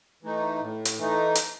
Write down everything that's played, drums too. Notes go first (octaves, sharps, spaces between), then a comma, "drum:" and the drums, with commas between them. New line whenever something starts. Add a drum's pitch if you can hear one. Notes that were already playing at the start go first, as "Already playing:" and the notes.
E3 A3 D#4
A2
drum: hi-hat
E3 A3 D#4
drum: hi-hat